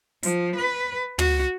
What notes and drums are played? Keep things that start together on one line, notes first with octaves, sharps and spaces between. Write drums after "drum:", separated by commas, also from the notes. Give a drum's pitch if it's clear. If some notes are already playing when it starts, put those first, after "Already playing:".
F3, drum: hi-hat
B4
F#4, drum: tom